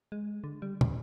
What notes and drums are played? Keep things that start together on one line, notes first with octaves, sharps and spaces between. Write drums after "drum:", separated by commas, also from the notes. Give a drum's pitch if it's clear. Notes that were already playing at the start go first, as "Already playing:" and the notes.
G#3
D3
G3
E2, drum: tom